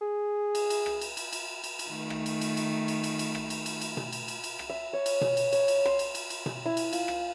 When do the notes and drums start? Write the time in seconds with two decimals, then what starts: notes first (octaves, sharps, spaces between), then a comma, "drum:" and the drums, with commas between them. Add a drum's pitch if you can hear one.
0.01 G#4
0.55 drum: cymbal
0.70 drum: cymbal
0.86 drum: rim click
1.01 drum: cymbal
1.17 drum: cymbal
1.33 drum: cymbal
1.64 drum: cymbal
1.79 drum: cymbal
1.90 D#3 A3
2.10 drum: rim click
2.26 drum: cymbal
2.41 drum: cymbal
2.57 drum: cymbal
2.88 drum: cymbal
3.04 drum: cymbal
3.19 drum: cymbal
3.35 drum: rim click
3.50 drum: cymbal
3.66 drum: cymbal
3.81 drum: cymbal
3.97 drum: tom B2
4.12 drum: cymbal
4.28 drum: cymbal
4.44 drum: cymbal
4.59 drum: rim click
4.70 E5
4.93 C#5
5.06 drum: cymbal
5.21 drum: tom B2
5.37 drum: cymbal
5.52 C#5, drum: cymbal
5.68 drum: cymbal
5.85 C6, drum: rim click
5.99 drum: cymbal
6.15 drum: cymbal
6.30 drum: cymbal
6.46 drum: tom B2
6.66 E4
6.77 drum: cymbal
6.93 F4, drum: cymbal
7.08 drum: rim click